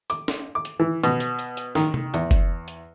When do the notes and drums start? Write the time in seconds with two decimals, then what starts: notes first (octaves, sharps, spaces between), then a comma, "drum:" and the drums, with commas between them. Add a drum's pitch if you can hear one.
0.10 D6, drum: hi-hat
0.28 drum: snare
0.55 D6
0.65 drum: hi-hat
0.80 E3
1.04 B2, drum: hi-hat
1.20 drum: hi-hat
1.39 drum: hi-hat
1.57 drum: hi-hat
1.75 D#3, drum: snare
1.94 drum: tom C3
2.14 E2, drum: hi-hat
2.31 drum: kick F#1, hi-hat
2.68 drum: hi-hat